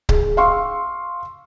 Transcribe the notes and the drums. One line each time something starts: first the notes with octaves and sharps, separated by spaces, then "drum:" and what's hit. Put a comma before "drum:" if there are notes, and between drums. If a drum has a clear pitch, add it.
G#4, drum: kick C#1
F5 C6 C#6 E6